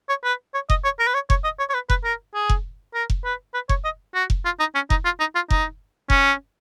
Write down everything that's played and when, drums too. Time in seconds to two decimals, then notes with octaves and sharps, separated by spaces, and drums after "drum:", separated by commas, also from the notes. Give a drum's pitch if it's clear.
0.09 C#5
0.24 B4
0.54 C#5
0.70 D#5, drum: kick F1
0.85 C#5
1.00 A#4
1.07 B4
1.14 C#5
1.30 C#5, drum: kick F1
1.44 D#5
1.59 C#5
1.70 C#5
1.74 B4
1.90 B4, drum: kick F1
2.04 A#4
2.34 G#4
2.50 drum: kick F1
2.94 A#4
3.10 drum: kick F1
3.25 B4
3.54 B4
3.69 C#5, drum: kick F1
3.84 D#5
4.15 F#4
4.30 drum: kick F1
4.45 F4
4.60 D#4
4.75 C#4
4.90 D#4, drum: kick F1
5.05 F4
5.20 D#4
5.35 F4
5.50 D#4, drum: kick F1
6.10 C#4, drum: kick F1